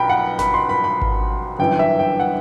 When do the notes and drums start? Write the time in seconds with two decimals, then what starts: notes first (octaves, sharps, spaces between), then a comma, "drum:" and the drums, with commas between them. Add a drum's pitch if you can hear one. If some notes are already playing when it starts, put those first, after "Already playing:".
Already playing: B1 B2 G5 B5
0.10 F#5
0.39 B5, drum: snare G1
0.54 C6
0.69 B5
0.84 B5
1.02 drum: kick G#1
1.59 G1 F#2 E3 G5
1.79 E5
1.99 G5
2.20 F#5